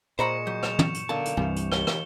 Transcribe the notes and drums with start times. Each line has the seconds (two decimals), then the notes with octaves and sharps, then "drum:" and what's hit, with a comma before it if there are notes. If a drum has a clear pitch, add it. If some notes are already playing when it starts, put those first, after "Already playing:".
0.19 A#2 G#3 C5 A#5 B5 C#6 C#7 E7
0.47 F#3 G6
0.63 E7 F7, drum: rim click
0.79 drum: tom
0.94 drum: hi-hat
1.09 B1 D3 A#3 A5
1.25 drum: hi-hat
1.37 C2 G2 C3 E3
1.56 drum: hi-hat
1.72 D#2 G7, drum: rim click
1.87 drum: rim click